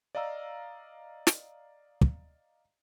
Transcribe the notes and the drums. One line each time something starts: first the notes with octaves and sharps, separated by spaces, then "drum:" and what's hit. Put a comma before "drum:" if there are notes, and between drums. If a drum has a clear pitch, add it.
D5 D#5 F5 A#5 E6
drum: snare
drum: kick